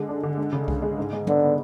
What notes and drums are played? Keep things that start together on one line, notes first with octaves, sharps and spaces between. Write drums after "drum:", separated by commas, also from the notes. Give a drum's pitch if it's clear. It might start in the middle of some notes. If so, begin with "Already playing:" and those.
Already playing: D3 G#3
D4
D3
G#3
C#3
G#3, drum: kick C2
G#3
G#2
G#3
D3 B3, drum: tom
B3